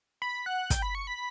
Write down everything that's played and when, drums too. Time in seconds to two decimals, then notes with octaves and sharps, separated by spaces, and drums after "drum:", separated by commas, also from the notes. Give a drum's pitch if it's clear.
0.22 B5
0.46 F#5
0.70 G5, drum: kick, hi-hat
0.82 B5
0.95 C#6
1.07 B5